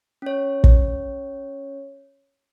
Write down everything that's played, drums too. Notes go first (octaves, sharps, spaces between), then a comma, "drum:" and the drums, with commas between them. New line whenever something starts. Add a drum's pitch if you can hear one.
C#4 C#5
drum: kick